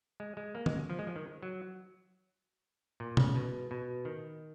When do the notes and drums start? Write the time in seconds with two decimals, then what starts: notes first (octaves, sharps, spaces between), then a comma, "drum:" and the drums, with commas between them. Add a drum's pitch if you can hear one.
0.20 G#3
0.37 G#3
0.55 A#3
0.66 G#3, drum: tom D3
0.90 F3
0.99 G#3
1.07 F3
1.16 D#3
1.42 F#3
3.00 A#2
3.17 C#3, drum: tom B2
3.35 B2
3.71 B2
4.05 D#3